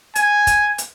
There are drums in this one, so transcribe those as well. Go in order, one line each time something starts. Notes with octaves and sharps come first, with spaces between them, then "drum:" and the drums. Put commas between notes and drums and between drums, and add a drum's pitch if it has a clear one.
G#5, drum: hi-hat
drum: kick, hi-hat
drum: hi-hat